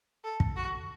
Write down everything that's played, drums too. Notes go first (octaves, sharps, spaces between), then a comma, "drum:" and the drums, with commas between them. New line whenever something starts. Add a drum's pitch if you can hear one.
A4
drum: kick
F#4